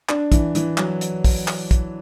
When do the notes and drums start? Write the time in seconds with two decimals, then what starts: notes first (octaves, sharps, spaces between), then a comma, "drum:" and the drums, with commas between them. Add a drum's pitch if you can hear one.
0.09 D4, drum: clap
0.32 E3, drum: kick, hi-hat
0.55 E3, drum: hi-hat
0.77 F#3, drum: clap
1.01 drum: hi-hat
1.24 drum: kick, open hi-hat
1.48 drum: clap
1.71 drum: kick, hi-hat